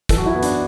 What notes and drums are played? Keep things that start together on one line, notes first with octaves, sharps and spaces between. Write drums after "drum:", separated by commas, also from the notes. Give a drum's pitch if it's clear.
F#2 E3 A4, drum: kick, hi-hat
F#4
E4
B3
D4, drum: hi-hat